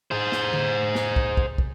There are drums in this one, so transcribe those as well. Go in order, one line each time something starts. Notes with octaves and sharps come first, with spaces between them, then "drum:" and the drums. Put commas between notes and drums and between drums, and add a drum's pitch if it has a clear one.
G#4 C5
drum: snare
drum: tom D3
drum: snare
drum: kick
drum: kick
drum: kick